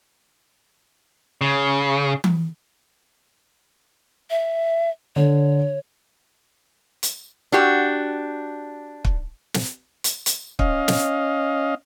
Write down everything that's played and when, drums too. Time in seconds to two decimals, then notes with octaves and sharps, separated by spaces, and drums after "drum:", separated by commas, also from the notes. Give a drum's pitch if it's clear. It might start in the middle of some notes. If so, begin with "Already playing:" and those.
1.41 C#3
2.24 drum: tom E3
4.30 E5
5.16 D3 C#5
7.03 drum: hi-hat
7.52 D4 F#4 G4
9.05 drum: kick
9.54 drum: snare
10.04 drum: hi-hat
10.26 drum: hi-hat
10.59 C#4 D#5 F5, drum: kick
10.88 drum: snare